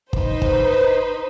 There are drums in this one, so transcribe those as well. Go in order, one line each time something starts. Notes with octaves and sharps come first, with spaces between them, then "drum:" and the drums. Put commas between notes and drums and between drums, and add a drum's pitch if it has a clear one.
D#4 B4 C5, drum: kick
drum: kick